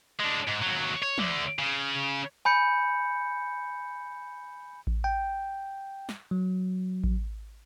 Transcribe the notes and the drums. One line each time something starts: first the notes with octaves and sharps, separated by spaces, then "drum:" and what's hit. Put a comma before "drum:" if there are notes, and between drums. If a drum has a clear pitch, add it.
G#3 D4
G#2
D#2 F#3
C#5
D2 D3, drum: tom
C#3
G#5 B5 G6 C#7
drum: kick A1
G5
drum: snare
F#3
drum: kick A1